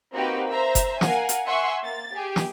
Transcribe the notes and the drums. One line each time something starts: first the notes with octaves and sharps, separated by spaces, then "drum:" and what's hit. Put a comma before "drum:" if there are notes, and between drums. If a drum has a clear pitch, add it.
A#3 C4 D#4 F#4 G4 B4
C5 E5 A#5
drum: kick F#1, hi-hat
A#4 F5 F#5 G#5, drum: snare
drum: hi-hat
E5 F#5 G#5 C6 C#6
A#3 A6
G4 G#4 G#5
drum: snare